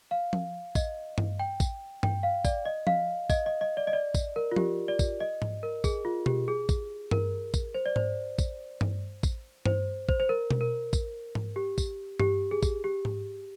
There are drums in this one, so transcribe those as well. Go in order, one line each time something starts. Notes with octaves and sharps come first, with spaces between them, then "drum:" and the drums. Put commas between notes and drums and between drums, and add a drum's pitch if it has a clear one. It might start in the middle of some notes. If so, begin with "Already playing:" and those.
F5
drum: tom F3
D#5, drum: kick, tambourine
drum: tom G2
G5
drum: kick, tambourine
G5, drum: tom G2
F5
D5, drum: kick, tambourine
D#5
F5, drum: tom F3
D#5, drum: kick, tambourine
D#5
D#5
D5
D#5
D5
drum: kick, tambourine
A#4
F4
G4, drum: tom F3
D5
drum: kick, tambourine
D#5
drum: tom G#2
A#4
G#4, drum: kick, tambourine
F4
G4, drum: tom B2
G#4
drum: kick, tambourine
A#4, drum: tom G2
drum: kick, tambourine
C5
D5
C5, drum: tom G#2
drum: kick, tambourine
drum: tom G2
drum: kick, tambourine
C5, drum: tom G2
C5, drum: kick
C5
A#4
drum: tom B2
A#4
drum: kick, tambourine
drum: tom G#2
G4
drum: kick, tambourine
G4, drum: tom G2
G#4
drum: kick, tambourine
G4
drum: tom G#2